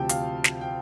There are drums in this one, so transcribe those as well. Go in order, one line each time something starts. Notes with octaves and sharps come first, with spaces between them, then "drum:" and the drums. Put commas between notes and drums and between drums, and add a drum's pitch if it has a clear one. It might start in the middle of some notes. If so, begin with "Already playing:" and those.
Already playing: D2 C3 F3 G5 A5
F5, drum: hi-hat
drum: snare
G5